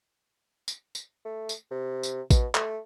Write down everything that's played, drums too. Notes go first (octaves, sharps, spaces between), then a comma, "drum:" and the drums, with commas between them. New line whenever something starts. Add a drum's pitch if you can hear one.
drum: tambourine
drum: tambourine
A3
drum: tambourine
C3
drum: tambourine
B2, drum: kick A1, tambourine
A3, drum: clap